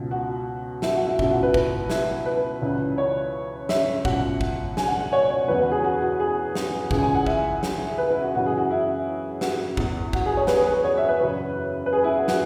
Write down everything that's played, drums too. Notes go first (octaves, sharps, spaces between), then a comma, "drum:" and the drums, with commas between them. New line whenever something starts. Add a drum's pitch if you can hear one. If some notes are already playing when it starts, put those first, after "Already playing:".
Already playing: C#2 B2
F#4
E4, drum: snare
F#4
E4
C#2 B2 E4, drum: kick
F#4
B4
drum: kick
E4, drum: snare
B4
C#2 C#3 E3
C#5
E5, drum: snare
C#2 B2 F#5, drum: kick
drum: kick
G#5, drum: snare
F#5
F#5
C#5
C#5
E2 C#3 E3 B4
F#4
G#4
F#4
F#4
G#4
drum: snare
C#2 C#3 E3 G#4, drum: kick
G#5
F#5
E5, drum: kick
drum: snare
B4
E4
F#4
F#2 C#3 E3 F#4
G#4
F#4
E4
F#4, drum: snare
E2 E3, drum: kick
F#4, drum: kick
G#4
C#5
B4, drum: snare
G#4
B4
C#5
E5
B4
F#2 C#3 E3
B4
G#4
E4
F#4
F#4, drum: snare